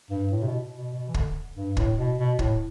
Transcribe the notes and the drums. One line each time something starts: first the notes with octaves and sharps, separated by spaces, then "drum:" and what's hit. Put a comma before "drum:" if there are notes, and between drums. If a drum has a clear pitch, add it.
G2
A2
C3
B2
B2
B2
E3
D3, drum: kick
G2
A2, drum: kick
B2
B2
A2, drum: kick